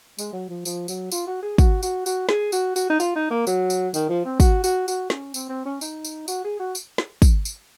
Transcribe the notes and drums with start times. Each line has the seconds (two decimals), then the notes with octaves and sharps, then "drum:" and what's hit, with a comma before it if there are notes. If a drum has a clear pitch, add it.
0.19 G#3, drum: tambourine
0.33 F#3
0.49 F3
0.65 F3, drum: tambourine
0.88 F#3, drum: tambourine
1.12 F4, drum: tambourine
1.27 F#4
1.43 G#4
1.58 F#4, drum: kick, tambourine
1.83 F#4, drum: tambourine
2.06 F#4, drum: tambourine
2.29 G#4, drum: snare
2.52 F#4, drum: tambourine
2.76 F#4, drum: tambourine
2.90 D#4
3.00 F4, drum: tambourine
3.16 D#4
3.31 A#3
3.47 F#3, drum: tambourine
3.70 drum: tambourine
3.94 D#3, drum: tambourine
4.09 F3
4.25 C4
4.40 F#4, drum: kick, tambourine
4.64 F#4, drum: tambourine
4.88 F#4, drum: tambourine
5.10 C#4, drum: snare
5.34 C4, drum: tambourine
5.49 C4
5.65 C#4
5.81 D#4, drum: tambourine
6.04 drum: tambourine
6.28 F#4, drum: tambourine
6.44 G#4
6.59 F#4
6.75 drum: tambourine
6.98 drum: snare
7.22 drum: kick, tambourine
7.45 drum: tambourine